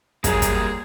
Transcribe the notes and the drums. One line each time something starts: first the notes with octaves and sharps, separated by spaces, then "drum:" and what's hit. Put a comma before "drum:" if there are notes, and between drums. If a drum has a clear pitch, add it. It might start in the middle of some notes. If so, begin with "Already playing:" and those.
A#1 F#3 G3 A#3 G#4 A#5, drum: kick, hi-hat
drum: kick, hi-hat